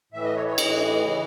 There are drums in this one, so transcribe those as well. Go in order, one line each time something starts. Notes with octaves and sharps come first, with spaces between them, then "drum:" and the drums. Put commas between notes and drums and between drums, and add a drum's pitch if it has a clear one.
A2 E3 E5
D#5
C#5
C#5
A2 E3 D#5, drum: cymbal
C#3 E3